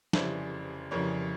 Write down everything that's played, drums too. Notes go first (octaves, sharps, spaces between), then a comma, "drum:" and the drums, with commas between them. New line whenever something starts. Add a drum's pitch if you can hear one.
F1 F2 C#3 E3 G3 C5 E5, drum: snare
F1 F2 C#3 E3 G3 A#4 C#5